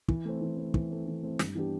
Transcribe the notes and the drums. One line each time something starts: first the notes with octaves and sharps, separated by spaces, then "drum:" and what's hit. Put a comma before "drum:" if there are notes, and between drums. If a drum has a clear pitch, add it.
E3, drum: kick
A3 C4
E3
A3 C4
E3, drum: kick
A3 C4
E3
A3 C4
G2, drum: snare
E3 B3 D4 G4